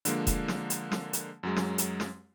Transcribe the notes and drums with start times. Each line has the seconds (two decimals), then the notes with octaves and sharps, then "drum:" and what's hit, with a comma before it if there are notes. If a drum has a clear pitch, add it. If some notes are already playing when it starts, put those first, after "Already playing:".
0.05 D3 F3 G#3 A#3 D4, drum: hi-hat
0.27 drum: kick E1, hi-hat
0.48 drum: snare
0.70 drum: hi-hat
0.92 drum: snare
1.13 drum: hi-hat
1.43 F#2 F#3 G#3
1.56 drum: snare
1.78 drum: hi-hat
2.00 drum: snare